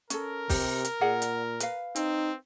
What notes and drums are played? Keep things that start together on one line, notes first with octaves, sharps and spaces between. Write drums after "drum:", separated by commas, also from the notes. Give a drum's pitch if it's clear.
C#4 A4 A#4, drum: hi-hat
C3 G4, drum: kick, open hi-hat
drum: hi-hat
A#2 G#4 D5 F#5
drum: hi-hat
B4 F5, drum: hi-hat
C4 D#4, drum: hi-hat